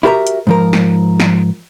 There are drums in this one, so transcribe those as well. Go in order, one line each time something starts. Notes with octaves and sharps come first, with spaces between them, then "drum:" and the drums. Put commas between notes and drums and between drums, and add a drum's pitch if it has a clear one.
E4 F#4 G4 A#4 E5 A#5
drum: hi-hat
G#2 F3 A#4
drum: snare
drum: snare